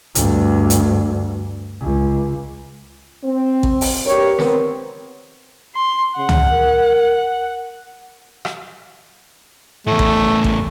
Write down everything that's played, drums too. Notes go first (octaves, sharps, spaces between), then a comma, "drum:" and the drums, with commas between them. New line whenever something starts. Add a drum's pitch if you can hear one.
D2 G2, drum: hi-hat
drum: hi-hat
C#2
C4
drum: kick A1
drum: open hi-hat
G2 G4 A#4 C#5
B3 C4 A#4, drum: snare
C6
C#3 F#5
drum: tom
A#4
drum: rim click
E2 A2 A3
drum: kick A1
drum: kick A1